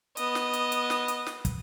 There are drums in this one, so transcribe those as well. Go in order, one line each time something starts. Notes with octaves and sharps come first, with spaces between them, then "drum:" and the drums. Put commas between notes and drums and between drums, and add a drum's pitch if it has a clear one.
B3 D#5, drum: hi-hat
drum: snare
drum: hi-hat
drum: hi-hat
drum: snare
drum: hi-hat
drum: snare
drum: kick, hi-hat